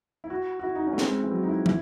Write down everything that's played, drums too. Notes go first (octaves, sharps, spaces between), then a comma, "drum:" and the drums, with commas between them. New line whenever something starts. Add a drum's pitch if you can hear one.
E4
F#4
F#4
E4
D#4
C#4
A3
C4, drum: snare
G#3
E3
F#3
D#4
E4
E4, drum: tom